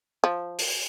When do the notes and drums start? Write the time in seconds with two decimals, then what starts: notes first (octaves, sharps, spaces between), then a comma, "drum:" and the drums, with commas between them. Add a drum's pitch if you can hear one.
0.24 F3
0.59 drum: open hi-hat